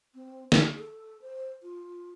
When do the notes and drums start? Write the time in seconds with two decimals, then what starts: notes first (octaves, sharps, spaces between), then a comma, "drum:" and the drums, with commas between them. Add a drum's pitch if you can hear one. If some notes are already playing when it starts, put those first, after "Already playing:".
0.14 C4
0.52 G#4, drum: snare
0.79 A4
1.21 C5
1.63 F4